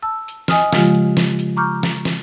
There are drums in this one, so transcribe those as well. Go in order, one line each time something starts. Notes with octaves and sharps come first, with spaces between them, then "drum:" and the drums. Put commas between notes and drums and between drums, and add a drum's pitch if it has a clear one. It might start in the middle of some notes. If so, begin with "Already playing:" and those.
A5 E6
drum: hi-hat
D#5 G#5 D#6 F6, drum: snare
C#3 F3 G#3 F4 G4, drum: snare
drum: hi-hat
drum: snare
drum: hi-hat
A#5 C#6 D6 F6 G6
drum: snare
drum: snare